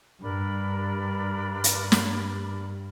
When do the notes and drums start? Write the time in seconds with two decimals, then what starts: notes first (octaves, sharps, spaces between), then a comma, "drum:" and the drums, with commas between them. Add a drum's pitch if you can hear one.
0.21 G2 D4 A#4 B5
1.64 drum: hi-hat
1.92 drum: snare